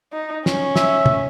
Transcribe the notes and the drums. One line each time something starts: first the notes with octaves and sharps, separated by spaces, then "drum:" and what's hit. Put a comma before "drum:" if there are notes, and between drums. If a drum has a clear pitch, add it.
D#4
C#4, drum: snare
E5, drum: snare
drum: tom